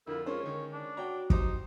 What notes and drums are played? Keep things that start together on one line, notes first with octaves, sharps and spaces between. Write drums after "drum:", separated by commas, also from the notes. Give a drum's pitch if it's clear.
F2 D3 E4 F4 A#4
G#3 C#4 F4 A#4 C5 C#5
D3 D#3
D4
F#4 C#5 F#5 G5 A#5
D#4 G4 C5 A#5 D6, drum: kick